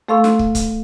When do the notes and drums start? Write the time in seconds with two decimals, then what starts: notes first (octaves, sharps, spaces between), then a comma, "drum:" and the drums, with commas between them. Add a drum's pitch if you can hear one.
0.08 A3 A4 F5 C6 C#6 E6
0.24 drum: snare
0.39 drum: kick
0.55 drum: kick, hi-hat